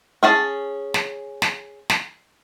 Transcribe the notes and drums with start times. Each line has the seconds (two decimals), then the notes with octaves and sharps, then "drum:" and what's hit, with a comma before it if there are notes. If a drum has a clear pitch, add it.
0.23 C#4 G#4 A5
0.94 drum: snare
1.42 drum: snare
1.90 drum: snare